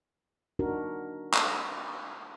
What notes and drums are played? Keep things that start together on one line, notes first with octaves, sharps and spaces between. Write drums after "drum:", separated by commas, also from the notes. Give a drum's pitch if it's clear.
D4 D#4 F#4 A#4
drum: clap